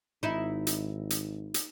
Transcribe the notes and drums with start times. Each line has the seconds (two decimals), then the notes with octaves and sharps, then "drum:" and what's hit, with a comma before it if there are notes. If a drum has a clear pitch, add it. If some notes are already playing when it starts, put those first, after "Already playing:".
0.23 G#1 D#4 E4
0.67 drum: hi-hat
1.10 drum: hi-hat
1.54 drum: hi-hat